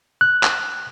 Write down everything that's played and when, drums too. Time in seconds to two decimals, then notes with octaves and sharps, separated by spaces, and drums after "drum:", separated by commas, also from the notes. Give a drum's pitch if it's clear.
0.21 F#6
0.43 drum: clap